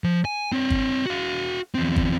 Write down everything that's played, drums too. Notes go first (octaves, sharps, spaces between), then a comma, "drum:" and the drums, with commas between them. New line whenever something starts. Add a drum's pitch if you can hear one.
F3
G#5
C4 C#5
drum: kick
F#4 F5
E2 C4
drum: kick